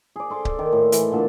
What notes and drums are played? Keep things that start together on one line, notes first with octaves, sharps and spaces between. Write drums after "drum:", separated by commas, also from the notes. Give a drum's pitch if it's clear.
G#4 D5
A4 C6 D6
drum: kick C#1
D#3
A2
E3, drum: hi-hat
A#2 D3 A5